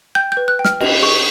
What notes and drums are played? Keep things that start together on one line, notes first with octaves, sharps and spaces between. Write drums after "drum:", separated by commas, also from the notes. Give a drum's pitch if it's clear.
G5 G6
G6
B4
F#6
G5
F6, drum: snare
D#5, drum: cymbal
G#4 C#6